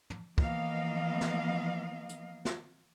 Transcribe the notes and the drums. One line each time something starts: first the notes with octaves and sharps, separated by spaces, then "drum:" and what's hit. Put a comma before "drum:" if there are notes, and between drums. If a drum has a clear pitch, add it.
drum: tom
E3 F3 A#3 B3 D#5 F5, drum: kick
drum: snare
drum: hi-hat
drum: snare